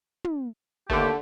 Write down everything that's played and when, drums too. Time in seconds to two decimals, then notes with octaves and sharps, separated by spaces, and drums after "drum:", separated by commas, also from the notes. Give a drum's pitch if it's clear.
0.24 drum: tom
0.90 D#2 D3 A3 A#3 G4, drum: kick